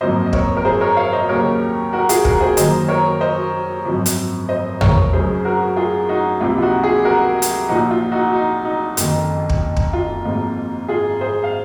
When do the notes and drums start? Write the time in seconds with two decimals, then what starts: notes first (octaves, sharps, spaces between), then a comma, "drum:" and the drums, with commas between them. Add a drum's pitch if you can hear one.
0.01 G#1 F#2 F3 A#3 C5 D#5
0.26 D#5
0.33 A#4 C#5, drum: kick
0.57 A#4
0.65 G#4 C5
0.81 A#4 C#5
0.97 C#5 F5
1.13 C5 D#5
1.29 D#2 C#3 F#3 A#3 A#4 C#5
1.93 F#4 A#4
2.09 F4 G#4, drum: hi-hat
2.25 F#4 A#4, drum: kick
2.41 G#4 C5
2.57 F#2 D#3 A#3 C5 D#5, drum: hi-hat
2.88 A#4 C#5
3.21 C5 D#5
3.85 G#1 F#2 F3
4.06 drum: hi-hat
4.49 C5 D#5
4.81 A#4 C#5, drum: tom
5.13 F#2 C#3 G#3 G#4 C5
5.45 F#4 A#4
5.77 F4 G#4
6.09 D#4 F#4
6.41 C#2 C3 F3 A#3 F4
6.58 F4
6.62 D#4 F#4
6.83 F4 G#4
7.05 F#4 A#4
7.42 drum: hi-hat
7.69 A#1 A#2 F3 D#4 F#4
7.91 F4
8.12 D#4 F#4
8.33 D#4
8.65 D#4
8.97 F#1 F2 D#3, drum: hi-hat
9.49 drum: kick
9.77 drum: kick
9.93 F4
10.25 G#1 G#2 F3 A#3 F4
10.89 F4 G#4
11.21 G#4 C5
11.44 F5